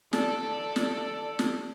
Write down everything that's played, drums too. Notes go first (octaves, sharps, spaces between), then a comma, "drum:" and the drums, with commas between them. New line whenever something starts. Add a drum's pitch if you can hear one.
A4 D5, drum: snare
drum: snare
drum: snare